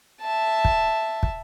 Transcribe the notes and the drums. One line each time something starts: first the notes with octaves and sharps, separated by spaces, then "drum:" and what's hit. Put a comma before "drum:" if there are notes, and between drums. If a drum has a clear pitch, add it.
E5 A5
drum: kick
drum: kick